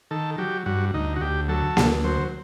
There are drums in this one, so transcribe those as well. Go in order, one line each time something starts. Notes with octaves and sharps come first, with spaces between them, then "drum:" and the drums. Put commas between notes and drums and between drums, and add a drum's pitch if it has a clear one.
D#3 A4
F#3 G4
G2 F#4
D2 D#4
F#4
D2 G4
F#3 A4
D2, drum: snare A#3
F#3 C5